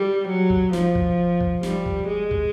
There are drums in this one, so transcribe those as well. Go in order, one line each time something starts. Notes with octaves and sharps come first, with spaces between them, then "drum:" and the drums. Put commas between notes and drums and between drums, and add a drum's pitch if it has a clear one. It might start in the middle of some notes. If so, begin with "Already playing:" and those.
Already playing: G3
F#3
drum: kick
F3, drum: snare
drum: kick
drum: kick
G3, drum: snare
drum: kick
G#3
drum: kick